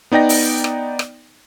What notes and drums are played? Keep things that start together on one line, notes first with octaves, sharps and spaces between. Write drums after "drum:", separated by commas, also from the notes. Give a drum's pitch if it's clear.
B3 D#4 D5 G5 A#6
drum: open hi-hat
drum: rim click
drum: rim click